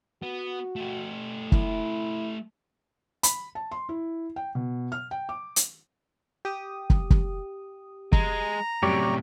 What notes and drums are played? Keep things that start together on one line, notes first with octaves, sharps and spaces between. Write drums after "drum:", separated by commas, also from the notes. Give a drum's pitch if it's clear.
B3 F#4
A3 G4
E4, drum: kick
B5, drum: hi-hat
A5
C6
E4
G5
B2
F6
G5
D6
drum: hi-hat
G4 D#6
drum: kick
drum: kick
G#3 A#5, drum: kick
F#2 A2 C3 G3 G4 C#5 D5